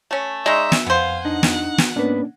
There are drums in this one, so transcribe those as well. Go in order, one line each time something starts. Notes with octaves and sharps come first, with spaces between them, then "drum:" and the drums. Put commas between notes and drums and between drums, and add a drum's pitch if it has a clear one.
A3 C#4
G#3 D#4 D5 E5 C#6
drum: snare
F2 B3 C5 F5 G#5
D4 D#4 D#5 F#5
drum: snare
drum: snare
G#2 A#3 B3 C#4 D4 B4